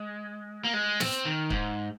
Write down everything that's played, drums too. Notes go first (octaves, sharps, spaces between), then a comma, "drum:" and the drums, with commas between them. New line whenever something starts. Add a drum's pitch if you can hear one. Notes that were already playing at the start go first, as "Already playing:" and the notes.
Already playing: G#3
A#3
G#3
C4, drum: snare
D#3
G#2, drum: kick